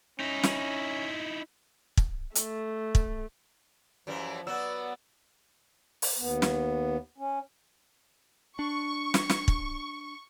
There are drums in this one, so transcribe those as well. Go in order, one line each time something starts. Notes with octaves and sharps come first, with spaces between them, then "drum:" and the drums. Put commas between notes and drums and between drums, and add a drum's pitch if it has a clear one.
C#4 D#4 E4
drum: snare
drum: kick
A3, drum: hi-hat
drum: kick
F#2 E3 F3 G3
F#3 B3 F#4 D5 E6
drum: open hi-hat
D#2 B3
drum: snare
C#4
D4 C#6
drum: snare
drum: snare
drum: kick